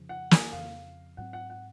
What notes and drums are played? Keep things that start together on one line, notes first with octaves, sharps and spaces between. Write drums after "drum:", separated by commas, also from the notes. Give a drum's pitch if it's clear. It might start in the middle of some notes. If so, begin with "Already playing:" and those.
Already playing: F2 C#3 F3
F#5
G#5, drum: snare
F2 C#3 F3 F5
G#2 F#3 C4 F#5
F#5
F#5